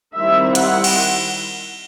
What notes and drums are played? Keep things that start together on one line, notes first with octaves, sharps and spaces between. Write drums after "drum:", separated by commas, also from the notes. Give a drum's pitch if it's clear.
D#3 G3 C4 E4 E5
F#5, drum: hi-hat
drum: cymbal